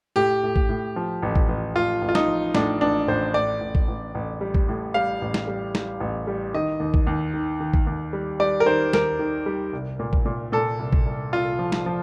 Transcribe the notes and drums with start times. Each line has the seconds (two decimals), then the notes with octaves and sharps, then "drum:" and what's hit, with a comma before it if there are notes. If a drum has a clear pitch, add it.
0.16 A2 G4
0.43 A2
0.56 drum: kick
0.69 A2
0.96 F3
1.23 A1
1.35 drum: kick
1.49 A1
1.75 A1 F4
2.02 A1
2.09 F4
2.15 D#4, drum: snare
2.28 F3
2.55 A2 D4, drum: snare
2.81 A1 D4
3.08 A1 C5
3.34 A2 D5
3.61 A1
3.75 drum: kick
3.88 A1
4.15 A1
4.41 G3
4.55 drum: kick
4.68 A2
4.94 G3 F5
5.22 A1
5.34 drum: snare
5.48 G3
5.75 G3, drum: snare
6.00 A1
6.27 G3
6.54 D#3 D#5
6.80 D#2
6.94 drum: kick
7.07 D#2
7.34 D#3
7.60 D#3
7.74 drum: kick
7.87 D#2
8.13 G3
8.39 G3 D5
8.60 A#4
8.66 D#3 C5
8.93 D#2 A#4, drum: snare
9.19 D#3
9.46 G3
9.73 C2
9.99 A#2
10.13 drum: kick
10.26 A#2
10.52 A#2 A4
10.79 C2
10.93 drum: kick
11.06 C2
11.32 C2 F4
11.59 F3
11.72 drum: snare
11.86 F3